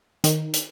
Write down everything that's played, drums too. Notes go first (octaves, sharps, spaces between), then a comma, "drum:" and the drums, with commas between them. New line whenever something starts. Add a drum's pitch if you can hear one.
D#3, drum: hi-hat
drum: hi-hat